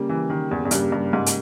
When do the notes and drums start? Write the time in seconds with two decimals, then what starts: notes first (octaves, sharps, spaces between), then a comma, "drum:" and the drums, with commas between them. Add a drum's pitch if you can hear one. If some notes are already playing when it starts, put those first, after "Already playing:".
Already playing: C#3 G3 A#3
0.09 E3
0.30 D#3
0.51 E2
0.65 E2
0.71 G2 C#3 G3 A#3, drum: hi-hat
0.92 G2
1.13 G#2
1.26 drum: hi-hat